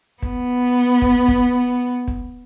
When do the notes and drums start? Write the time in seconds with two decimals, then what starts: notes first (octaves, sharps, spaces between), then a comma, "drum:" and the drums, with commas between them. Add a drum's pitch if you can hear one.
0.22 B3, drum: kick
1.02 drum: kick
1.28 drum: kick
2.08 drum: kick